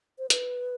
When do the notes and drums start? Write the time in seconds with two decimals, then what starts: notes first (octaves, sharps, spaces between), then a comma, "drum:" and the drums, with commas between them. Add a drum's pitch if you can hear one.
0.19 C5
0.30 B4, drum: hi-hat